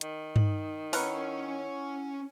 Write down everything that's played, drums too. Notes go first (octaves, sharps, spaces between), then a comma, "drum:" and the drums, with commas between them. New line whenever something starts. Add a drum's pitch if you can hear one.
D#3, drum: hi-hat
D#4, drum: tom G2
C#4 E4 A#4 B4 C#5 F#5, drum: open hi-hat